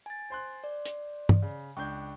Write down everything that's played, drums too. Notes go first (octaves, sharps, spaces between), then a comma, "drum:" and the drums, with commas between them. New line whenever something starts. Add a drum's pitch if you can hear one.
G#5 A6
C5 C6 F#6
D5
drum: hi-hat
drum: tom
C#3
C#2 D4 G5 C#6 G6